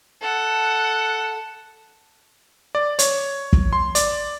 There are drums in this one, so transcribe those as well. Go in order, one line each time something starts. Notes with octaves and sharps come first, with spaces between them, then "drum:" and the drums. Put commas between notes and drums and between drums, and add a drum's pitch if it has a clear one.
A4 F#5
D5
C#5, drum: hi-hat
drum: kick
C6
D5, drum: hi-hat